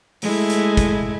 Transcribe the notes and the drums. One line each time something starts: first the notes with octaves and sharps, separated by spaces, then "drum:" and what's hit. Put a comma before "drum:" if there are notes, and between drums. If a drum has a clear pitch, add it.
G#3 A3 E4, drum: open hi-hat
drum: hi-hat
drum: kick, hi-hat